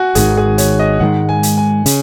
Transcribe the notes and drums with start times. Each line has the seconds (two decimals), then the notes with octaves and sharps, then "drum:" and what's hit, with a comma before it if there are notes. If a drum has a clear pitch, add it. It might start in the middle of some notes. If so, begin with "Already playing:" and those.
Already playing: F#4 G#5
0.15 G#1 G#2 D#3 G#4, drum: hi-hat
0.37 G#4
0.58 C#5, drum: hi-hat
0.79 D#5
1.00 G#2 D#3 G#3 F#5
1.29 G#5
1.43 drum: hi-hat
1.57 G#5
1.86 C#3, drum: hi-hat